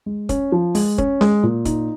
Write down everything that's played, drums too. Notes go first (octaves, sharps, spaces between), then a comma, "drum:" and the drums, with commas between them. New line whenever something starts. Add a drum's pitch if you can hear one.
G#3
C#4, drum: kick, hi-hat
F3
G#3, drum: open hi-hat
C#4, drum: kick
G#3, drum: snare C#4
A#2
D#4, drum: kick, hi-hat